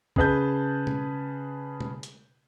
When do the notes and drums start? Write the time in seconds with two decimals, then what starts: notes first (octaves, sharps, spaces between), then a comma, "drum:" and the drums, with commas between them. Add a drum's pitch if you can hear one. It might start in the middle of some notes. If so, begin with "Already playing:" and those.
0.16 C#3 G#4 B4 A5 G6, drum: kick B1
0.87 drum: tom B2
1.81 drum: tom B2
2.03 drum: hi-hat